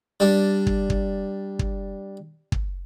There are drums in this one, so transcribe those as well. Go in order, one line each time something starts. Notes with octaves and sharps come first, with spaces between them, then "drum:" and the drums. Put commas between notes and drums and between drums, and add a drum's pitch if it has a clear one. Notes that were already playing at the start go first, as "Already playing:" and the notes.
G3 D4
drum: kick
drum: kick
drum: kick
drum: kick